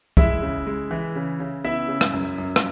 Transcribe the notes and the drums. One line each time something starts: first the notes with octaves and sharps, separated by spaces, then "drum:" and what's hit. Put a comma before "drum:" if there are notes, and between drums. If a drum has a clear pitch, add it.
G#3 E4 E5, drum: kick
C#3
G#3
E3
C#3
C#3
B3 E4 E5
C#3
drum: rim click
F#2
F#2
drum: rim click